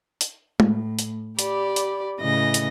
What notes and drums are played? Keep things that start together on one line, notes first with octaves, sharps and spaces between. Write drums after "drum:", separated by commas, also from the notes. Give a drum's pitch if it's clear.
drum: hi-hat
A2, drum: tom G#3
drum: hi-hat
G4 D5 B5, drum: hi-hat
drum: hi-hat
A2 C#3 E3 D#5 A#6
drum: hi-hat